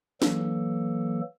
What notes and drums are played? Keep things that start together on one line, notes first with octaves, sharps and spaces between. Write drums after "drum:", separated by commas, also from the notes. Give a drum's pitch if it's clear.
E3 F#3 A#3 A4, drum: snare